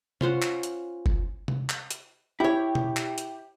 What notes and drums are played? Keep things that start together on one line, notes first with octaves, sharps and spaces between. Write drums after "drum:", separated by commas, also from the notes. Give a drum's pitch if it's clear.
C#4 F4 C5 F#5, drum: tom C3
drum: clap
drum: hi-hat
drum: kick F#1
drum: tom C3
drum: clap
drum: hi-hat
E4 G4 C#5
drum: tom B2
drum: clap
drum: hi-hat